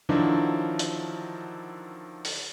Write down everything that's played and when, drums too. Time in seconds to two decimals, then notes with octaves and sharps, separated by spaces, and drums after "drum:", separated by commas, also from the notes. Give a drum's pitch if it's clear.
0.09 D3 D#3 F3 F#3 D4 E4
0.79 drum: hi-hat
2.25 drum: open hi-hat